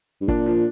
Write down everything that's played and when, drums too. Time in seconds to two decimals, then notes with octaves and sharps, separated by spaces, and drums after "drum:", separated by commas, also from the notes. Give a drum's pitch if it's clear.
0.21 G2
0.28 A#2 D4, drum: kick
0.46 F3